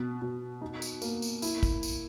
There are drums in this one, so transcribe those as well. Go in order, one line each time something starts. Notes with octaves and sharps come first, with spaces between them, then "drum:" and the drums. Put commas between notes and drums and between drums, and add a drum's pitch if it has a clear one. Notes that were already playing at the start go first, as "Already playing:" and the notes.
Already playing: B2
B2
D#4
drum: tambourine
A#3, drum: tambourine
drum: tambourine
E4, drum: tambourine
drum: kick, tambourine
drum: tambourine